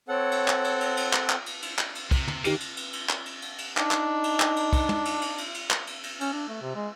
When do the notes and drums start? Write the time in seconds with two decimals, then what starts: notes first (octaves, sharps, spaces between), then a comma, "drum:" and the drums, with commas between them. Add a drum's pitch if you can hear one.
0.09 C4 A4 C#5 F#5
0.32 drum: cymbal
0.48 drum: clap
0.64 drum: cymbal
0.81 drum: cymbal
0.97 drum: cymbal
1.13 drum: clap
1.30 drum: clap
1.46 drum: cymbal
1.62 drum: cymbal
1.79 drum: clap
1.95 drum: cymbal
2.11 C3, drum: kick, cymbal
2.28 drum: tom
2.44 D#3 A#3 G4 D#7, drum: cymbal
2.60 drum: cymbal
2.77 drum: cymbal
2.93 drum: cymbal
3.09 drum: clap
3.26 drum: cymbal
3.42 drum: cymbal
3.58 drum: cymbal
3.77 D4 D#4, drum: clap
3.91 drum: clap
4.24 drum: cymbal
4.40 drum: clap
4.56 drum: cymbal
4.73 drum: kick, cymbal
4.89 drum: tom
5.05 drum: cymbal
5.22 drum: cymbal
5.38 drum: cymbal
5.54 drum: cymbal
5.71 drum: clap
5.87 drum: cymbal
6.03 drum: cymbal
6.21 C#4, drum: cymbal
6.33 D4
6.49 A3
6.62 C3
6.75 G#3